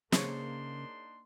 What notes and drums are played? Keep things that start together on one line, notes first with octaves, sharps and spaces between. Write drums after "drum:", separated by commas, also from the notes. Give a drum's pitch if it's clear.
C#3 A#3 D4 D#4 G#4 C5 C#5 C6, drum: snare